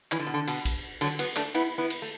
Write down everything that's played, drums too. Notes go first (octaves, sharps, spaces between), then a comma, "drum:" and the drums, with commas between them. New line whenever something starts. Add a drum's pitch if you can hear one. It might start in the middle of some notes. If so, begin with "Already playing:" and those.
E3, drum: clap
D3
B2
D3
B2, drum: cymbal
drum: kick, cymbal
D3 F#3, drum: cymbal
F#3 B3, drum: cymbal
A3 D4, drum: clap
B3 E4, drum: cymbal
B3 E4
drum: cymbal
A3